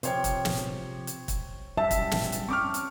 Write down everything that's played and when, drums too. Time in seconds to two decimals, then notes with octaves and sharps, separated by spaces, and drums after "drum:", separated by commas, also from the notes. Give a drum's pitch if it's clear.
0.03 C3 F3 C5 C#5 G5, drum: hi-hat
0.24 drum: kick, hi-hat
0.45 drum: snare
1.07 drum: hi-hat
1.28 drum: kick, hi-hat
1.77 F#2 G3 E5 A5
1.91 drum: kick, hi-hat
2.11 drum: snare
2.32 drum: hi-hat
2.49 C4 C#4 G5 C#6 D6 F6
2.74 drum: hi-hat